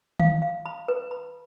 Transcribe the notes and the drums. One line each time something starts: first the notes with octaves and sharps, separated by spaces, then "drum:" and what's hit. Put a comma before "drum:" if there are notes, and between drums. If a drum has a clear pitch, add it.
F5, drum: tom
F5
B5
B4
B5